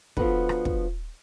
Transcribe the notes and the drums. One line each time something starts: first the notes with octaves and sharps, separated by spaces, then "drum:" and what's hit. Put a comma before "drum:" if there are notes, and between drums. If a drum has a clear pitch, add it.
F3 B3 D4 F#4 A4 B4, drum: kick
drum: rim click
drum: kick